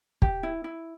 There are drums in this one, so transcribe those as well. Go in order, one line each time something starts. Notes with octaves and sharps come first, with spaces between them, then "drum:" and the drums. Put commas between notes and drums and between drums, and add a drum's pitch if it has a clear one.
G4, drum: kick
E4
E4